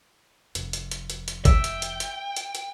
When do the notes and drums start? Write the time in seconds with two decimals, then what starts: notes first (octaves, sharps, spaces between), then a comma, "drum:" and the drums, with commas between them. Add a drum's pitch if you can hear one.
0.55 F1 F2, drum: hi-hat
0.73 drum: hi-hat
0.91 drum: hi-hat
1.10 drum: hi-hat
1.28 drum: hi-hat
1.45 E5 G5, drum: kick, hi-hat
1.64 drum: hi-hat
1.82 drum: hi-hat
2.00 drum: hi-hat
2.37 drum: hi-hat
2.55 drum: hi-hat